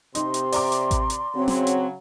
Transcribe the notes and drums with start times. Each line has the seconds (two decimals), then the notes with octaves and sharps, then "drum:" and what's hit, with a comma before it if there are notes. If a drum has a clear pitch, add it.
0.15 C3 D#4 C6, drum: hi-hat
0.34 drum: hi-hat
0.52 D5 A#5 D6, drum: open hi-hat
0.72 drum: hi-hat
0.91 drum: kick A1, hi-hat
1.10 drum: hi-hat
1.35 C#3 F#3 C4
1.48 drum: snare
1.67 drum: hi-hat